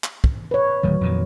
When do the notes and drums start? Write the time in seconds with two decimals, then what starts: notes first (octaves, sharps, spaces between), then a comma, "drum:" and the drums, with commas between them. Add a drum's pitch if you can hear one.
0.04 drum: clap
0.24 drum: kick
0.51 B4 C#5
0.83 D1 D#3 F#3 A3
1.01 F2 A#2 D#3